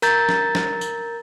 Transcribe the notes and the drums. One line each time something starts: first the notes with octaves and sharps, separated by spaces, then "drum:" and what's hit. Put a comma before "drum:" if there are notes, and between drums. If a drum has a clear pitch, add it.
A#4 A#5 G6 A6, drum: tambourine
drum: snare
drum: snare
drum: tambourine